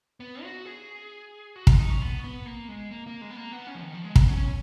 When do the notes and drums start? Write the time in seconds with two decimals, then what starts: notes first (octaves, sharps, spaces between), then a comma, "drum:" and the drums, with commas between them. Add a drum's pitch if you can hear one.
0.20 B3
0.43 F#4
0.66 G#4
1.56 F#4
1.67 F4, drum: kick
1.78 D#4
1.90 C#4
2.01 B3
2.24 B3
2.46 A#3
2.68 G#3
2.91 A#3
3.07 A#3
3.21 G#3
3.30 B3
3.37 A#3
3.52 B3
3.67 C#4
3.75 F3
3.82 D#3
3.94 F3
4.04 G#3
4.16 B3, drum: kick
4.28 C#4